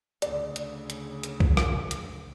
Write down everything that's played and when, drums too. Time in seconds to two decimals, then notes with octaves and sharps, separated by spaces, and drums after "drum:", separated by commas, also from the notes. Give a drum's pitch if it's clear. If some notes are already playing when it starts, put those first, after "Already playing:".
0.22 D2 C#3 D5, drum: hi-hat
0.56 drum: hi-hat
0.90 drum: hi-hat
1.23 drum: hi-hat
1.40 drum: kick
1.57 drum: rim click
1.91 drum: hi-hat